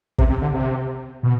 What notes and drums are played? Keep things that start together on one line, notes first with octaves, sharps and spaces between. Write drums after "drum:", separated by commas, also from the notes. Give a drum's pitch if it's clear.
C3, drum: kick
C3
D3
C3
B2